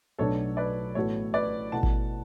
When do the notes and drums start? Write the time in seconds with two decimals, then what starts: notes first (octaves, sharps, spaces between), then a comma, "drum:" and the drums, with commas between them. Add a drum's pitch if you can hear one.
0.18 B1 B2 F#3 A3 D4 A4 C#5
0.57 B4 D5
0.95 A1 A2 E3 B3 F#4 A4 C#5
1.34 B4 D5
1.72 B2 A3 E4 F#5 A5
1.83 drum: kick G#1